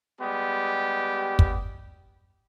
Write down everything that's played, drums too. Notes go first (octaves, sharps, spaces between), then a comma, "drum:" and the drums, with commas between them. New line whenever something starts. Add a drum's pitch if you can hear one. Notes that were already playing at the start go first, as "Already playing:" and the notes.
G3 G#3 B3 G4
drum: kick